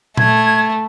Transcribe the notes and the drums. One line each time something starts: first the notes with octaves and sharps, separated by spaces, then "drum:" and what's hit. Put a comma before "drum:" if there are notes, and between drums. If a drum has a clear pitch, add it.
A3 G#6, drum: tom A#2